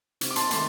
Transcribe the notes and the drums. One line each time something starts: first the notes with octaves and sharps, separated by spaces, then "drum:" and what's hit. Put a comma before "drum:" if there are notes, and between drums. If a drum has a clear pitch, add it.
C3, drum: hi-hat
D6
A5 C6, drum: hi-hat
D#3 A3 A5 C6, drum: hi-hat